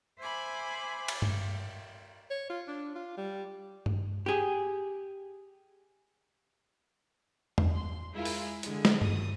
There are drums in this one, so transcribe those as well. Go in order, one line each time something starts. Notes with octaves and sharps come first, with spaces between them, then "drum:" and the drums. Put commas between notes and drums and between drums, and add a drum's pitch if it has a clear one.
C5 E5 G#5 B5 D6
drum: cymbal
drum: tom G2
C#5
F4
D4
F4
G3
drum: tom G2
G4 G#4
drum: tom E2
C6
G#3 E4 F4 A#4
drum: open hi-hat
D3 G#3, drum: hi-hat
drum: snare
D#2 D#6, drum: tom G2